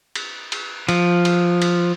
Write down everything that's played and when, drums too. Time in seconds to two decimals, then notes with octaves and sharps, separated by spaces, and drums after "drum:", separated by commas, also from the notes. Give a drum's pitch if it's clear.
0.15 drum: cymbal
0.52 drum: cymbal
0.89 F3, drum: cymbal
1.25 drum: cymbal
1.62 drum: cymbal